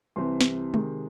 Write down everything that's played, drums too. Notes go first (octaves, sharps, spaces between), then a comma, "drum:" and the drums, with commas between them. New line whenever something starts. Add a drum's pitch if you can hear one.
C2 C3 E3 C4 C6
drum: snare
C3 D#3 G#3, drum: tom G#3